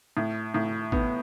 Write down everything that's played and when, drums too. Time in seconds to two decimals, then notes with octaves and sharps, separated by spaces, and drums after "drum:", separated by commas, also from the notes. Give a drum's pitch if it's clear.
0.17 A2
0.54 A2
0.92 B3, drum: kick G#1